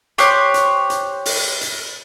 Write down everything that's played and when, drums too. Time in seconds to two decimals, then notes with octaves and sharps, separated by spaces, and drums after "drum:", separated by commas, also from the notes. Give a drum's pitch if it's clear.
0.18 G4 C5 C#5 F#6, drum: hi-hat
0.54 drum: hi-hat
0.90 drum: hi-hat
1.26 drum: open hi-hat
1.61 drum: hi-hat